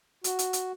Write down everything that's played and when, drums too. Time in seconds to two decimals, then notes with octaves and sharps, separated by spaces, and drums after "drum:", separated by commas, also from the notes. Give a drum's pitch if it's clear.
0.24 F#4, drum: hi-hat
0.39 drum: hi-hat
0.53 drum: hi-hat